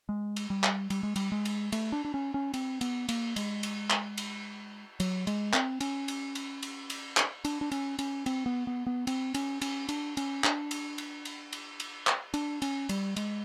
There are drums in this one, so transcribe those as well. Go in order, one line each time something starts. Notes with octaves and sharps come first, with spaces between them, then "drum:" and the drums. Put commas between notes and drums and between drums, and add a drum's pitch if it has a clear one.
G#3
drum: cymbal
G3
drum: clap
G3, drum: cymbal
G#3
G3, drum: cymbal
G#3
drum: cymbal
A3, drum: cymbal
D4
D4
C#4
C#4
C4, drum: cymbal
B3, drum: cymbal
A#3, drum: cymbal
G#3, drum: cymbal
drum: cymbal
drum: clap
drum: cymbal
F#3, drum: cymbal
G#3, drum: cymbal
C4, drum: clap
C#4, drum: cymbal
drum: cymbal
drum: cymbal
drum: cymbal
drum: cymbal
drum: clap
D4, drum: cymbal
D4
C#4, drum: cymbal
C#4, drum: cymbal
C4, drum: cymbal
B3
B3
B3
C4, drum: cymbal
C#4, drum: cymbal
C#4, drum: cymbal
D4, drum: cymbal
C#4, drum: cymbal
D4, drum: clap
drum: cymbal
drum: cymbal
drum: cymbal
drum: cymbal
drum: cymbal
drum: clap
D4, drum: cymbal
C#4, drum: cymbal
G3, drum: cymbal
G#3, drum: cymbal